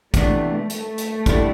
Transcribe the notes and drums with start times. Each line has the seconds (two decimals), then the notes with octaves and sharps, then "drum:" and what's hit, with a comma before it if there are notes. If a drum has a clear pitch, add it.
0.14 C3 E3 A3 B3 D4, drum: kick, hi-hat
0.70 A3, drum: hi-hat
0.98 drum: hi-hat
1.26 D3 G3 B3 E4, drum: kick, hi-hat